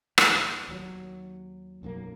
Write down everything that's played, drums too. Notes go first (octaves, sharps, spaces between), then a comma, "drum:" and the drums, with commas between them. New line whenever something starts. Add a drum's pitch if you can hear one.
E2, drum: rim click
D#2 F#3
B1 F#2 E3 A#3